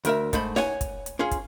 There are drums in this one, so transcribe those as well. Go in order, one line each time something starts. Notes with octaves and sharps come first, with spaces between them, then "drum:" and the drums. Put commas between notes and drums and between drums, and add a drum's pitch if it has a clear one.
D2 A#4 E5, drum: hi-hat
G#2 A3 C5 B5, drum: kick, hi-hat
C#5 F#5 G#5, drum: snare
drum: kick, hi-hat
drum: hi-hat
C#4 F4 G#4
drum: kick, hi-hat